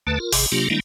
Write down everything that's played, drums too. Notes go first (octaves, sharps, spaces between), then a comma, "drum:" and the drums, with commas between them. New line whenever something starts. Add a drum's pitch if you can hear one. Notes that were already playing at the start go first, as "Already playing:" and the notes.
D#2 D3 A3 B4 A5
F4 A#4
G#1 C3 G#4, drum: open hi-hat
C3 F#3 A#3 D4 F4 G4
D#3 G3 G#3 A#3 D4 E4